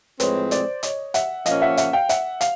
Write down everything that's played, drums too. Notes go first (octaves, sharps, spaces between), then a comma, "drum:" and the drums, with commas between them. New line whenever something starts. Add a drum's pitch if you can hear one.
A2 F3 G#3 C4 B4 C#5, drum: hi-hat
C5 D5, drum: hi-hat
C#5 D#5, drum: hi-hat
E5 F#5, drum: hi-hat
A#2 F3 A#3 C#4 D#5 F5, drum: hi-hat
E5 F#5
E5 F#5, drum: hi-hat
F5 G5
E5 F#5, drum: hi-hat
F5, drum: hi-hat